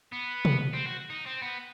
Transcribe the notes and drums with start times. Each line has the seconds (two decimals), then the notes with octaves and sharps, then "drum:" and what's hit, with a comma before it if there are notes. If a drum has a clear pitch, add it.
0.13 B3
0.45 drum: tom
0.73 C4
0.86 F#4
1.10 D#4
1.26 C4
1.42 B3